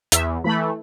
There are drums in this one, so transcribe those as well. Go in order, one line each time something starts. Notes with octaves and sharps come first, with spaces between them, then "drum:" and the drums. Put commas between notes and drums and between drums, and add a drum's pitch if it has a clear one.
E2 E5, drum: hi-hat
E3 A3 B5